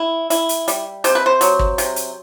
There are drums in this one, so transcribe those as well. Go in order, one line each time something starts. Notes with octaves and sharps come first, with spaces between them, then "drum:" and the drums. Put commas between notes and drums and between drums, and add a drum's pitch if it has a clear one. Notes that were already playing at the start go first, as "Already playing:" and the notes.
Already playing: E4
E4, drum: hi-hat
drum: hi-hat
G3, drum: hi-hat
C3 C5, drum: hi-hat
B4
C5
F#3, drum: hi-hat
drum: kick G#1
C3, drum: hi-hat
drum: hi-hat